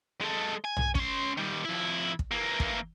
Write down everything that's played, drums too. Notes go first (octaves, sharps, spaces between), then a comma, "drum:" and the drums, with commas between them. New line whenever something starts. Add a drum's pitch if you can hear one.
G#3 A4
G#5
drum: tom
C#4 C6, drum: kick
D#3 G3
F2 E4
drum: kick
E3 A#3
drum: kick